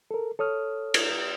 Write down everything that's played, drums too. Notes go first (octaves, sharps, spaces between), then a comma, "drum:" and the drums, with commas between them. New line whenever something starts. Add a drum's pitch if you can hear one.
A4 A#4
A4 C#5 D#6 F6
drum: cymbal